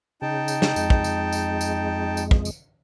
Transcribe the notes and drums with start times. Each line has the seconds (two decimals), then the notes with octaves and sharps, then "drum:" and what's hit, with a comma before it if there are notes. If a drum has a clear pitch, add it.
0.22 C#3 D#4 G5 A5
0.48 drum: tambourine
0.62 drum: snare
0.76 F2 G#3, drum: tambourine
0.90 drum: kick
1.04 drum: tambourine
1.33 drum: tambourine
1.61 drum: tambourine
2.17 drum: tambourine
2.31 drum: kick
2.45 drum: tambourine